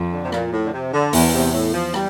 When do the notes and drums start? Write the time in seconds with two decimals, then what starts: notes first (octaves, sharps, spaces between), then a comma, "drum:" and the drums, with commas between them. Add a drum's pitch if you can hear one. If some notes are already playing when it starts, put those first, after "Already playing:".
Already playing: F2
0.12 D3
0.23 C3
0.32 A#2, drum: rim click
0.52 A2
0.65 D3
0.73 C3
0.93 D3
1.13 E2 E3, drum: open hi-hat
1.33 C3
1.53 A2
1.73 F3
1.94 G3, drum: rim click